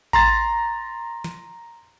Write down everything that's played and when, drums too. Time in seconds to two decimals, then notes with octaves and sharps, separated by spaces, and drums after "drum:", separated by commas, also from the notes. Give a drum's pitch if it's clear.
0.13 A#5 C6 A6, drum: kick A1
1.24 drum: snare